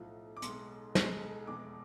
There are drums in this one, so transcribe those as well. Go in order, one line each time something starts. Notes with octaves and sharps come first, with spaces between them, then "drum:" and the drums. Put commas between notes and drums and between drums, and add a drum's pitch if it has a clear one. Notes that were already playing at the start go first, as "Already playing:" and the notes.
Already playing: B1 A2 F3
D6
B1 B2 G#3 C6, drum: hi-hat
B1 B2 G#3, drum: snare
F1 E2 B2 G#3 D6